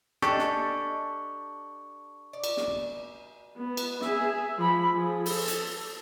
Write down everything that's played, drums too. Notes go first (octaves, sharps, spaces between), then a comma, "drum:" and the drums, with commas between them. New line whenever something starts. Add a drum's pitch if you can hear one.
D4 G4 A4 D#5 F#5 G#5 C#6, drum: rim click
drum: snare
D5
drum: cymbal
drum: snare
B3
drum: cymbal
G#4 E5, drum: snare
F3 B5
F3 G#4
A4, drum: open hi-hat
drum: hi-hat